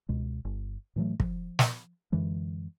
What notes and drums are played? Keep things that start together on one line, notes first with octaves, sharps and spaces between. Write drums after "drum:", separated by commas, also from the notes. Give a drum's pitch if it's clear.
C#2 B2 G#3
G1
A2 E3 F#3 A3
F3, drum: kick
drum: snare
F#2 D3 E3 G#3